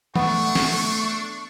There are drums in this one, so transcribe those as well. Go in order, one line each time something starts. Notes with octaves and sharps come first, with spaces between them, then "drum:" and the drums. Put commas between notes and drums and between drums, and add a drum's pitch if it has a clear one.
A3 B3 D4 C#6, drum: tom
drum: snare